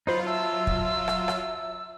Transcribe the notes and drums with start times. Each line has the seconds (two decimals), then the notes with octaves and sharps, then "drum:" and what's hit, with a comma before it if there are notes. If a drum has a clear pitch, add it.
0.07 F#3 D#4 F4 C5 B5
0.26 E5 A5 E6
0.67 drum: kick
1.08 drum: rim click
1.28 drum: rim click